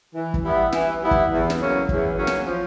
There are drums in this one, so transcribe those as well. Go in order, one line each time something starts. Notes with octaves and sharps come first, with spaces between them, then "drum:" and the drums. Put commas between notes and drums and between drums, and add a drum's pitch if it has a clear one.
E3
drum: kick
G3 B3 E4
E3, drum: snare
G3 B3 E4
drum: kick
E2
drum: snare
C#3 F#3 A#3 C#4
E2, drum: kick
C#3 F#3 A#3 C#4
drum: snare
F3